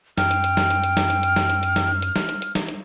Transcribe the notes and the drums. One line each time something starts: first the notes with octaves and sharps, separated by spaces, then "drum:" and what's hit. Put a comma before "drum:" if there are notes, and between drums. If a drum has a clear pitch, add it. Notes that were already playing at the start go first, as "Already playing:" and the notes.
F#2 G5 F6, drum: snare
drum: hi-hat
drum: hi-hat
drum: snare
drum: hi-hat
drum: hi-hat
drum: snare
drum: hi-hat
drum: hi-hat
drum: snare
drum: hi-hat
drum: hi-hat
drum: snare
drum: hi-hat
drum: snare
drum: hi-hat
drum: hi-hat
drum: snare
drum: hi-hat